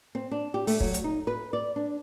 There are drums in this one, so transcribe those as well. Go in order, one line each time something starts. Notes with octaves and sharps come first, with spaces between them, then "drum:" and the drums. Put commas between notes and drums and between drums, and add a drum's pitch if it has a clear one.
C4
D4
G4
A3, drum: open hi-hat
F#3, drum: kick
drum: hi-hat
D#4
B4
D5
D4